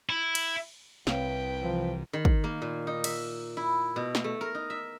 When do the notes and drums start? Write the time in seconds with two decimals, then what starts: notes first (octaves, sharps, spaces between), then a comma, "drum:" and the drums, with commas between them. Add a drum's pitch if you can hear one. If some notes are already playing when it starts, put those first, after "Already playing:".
0.09 E4
0.35 drum: cymbal
1.07 C2 C4 B4 C#5 F5 G5, drum: snare
1.63 C3 E3 F3 F4
2.13 D#3
2.25 drum: kick
2.44 A#3
2.62 A#2
2.87 D#4
3.04 E5, drum: cymbal
3.57 E4
3.96 B2
4.15 drum: snare
4.24 A3
4.41 A#4
4.55 D#4
4.70 E5